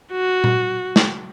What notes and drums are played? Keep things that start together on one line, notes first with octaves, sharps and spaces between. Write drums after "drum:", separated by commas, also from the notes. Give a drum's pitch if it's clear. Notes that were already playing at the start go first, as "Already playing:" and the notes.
F#4
drum: tom A#2
drum: snare